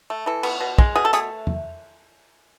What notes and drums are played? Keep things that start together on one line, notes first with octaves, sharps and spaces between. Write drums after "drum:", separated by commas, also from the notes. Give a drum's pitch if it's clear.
A3
E3 A4
B3, drum: cymbal
B2
G#3, drum: kick
B2 G#4
A4
A3 G#4, drum: hi-hat
drum: tom E2